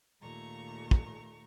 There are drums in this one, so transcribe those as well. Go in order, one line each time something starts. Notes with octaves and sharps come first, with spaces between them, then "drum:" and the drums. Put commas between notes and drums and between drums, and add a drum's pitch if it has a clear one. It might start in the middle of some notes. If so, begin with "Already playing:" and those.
D#2 A#2 A3 A#5 C#6
drum: kick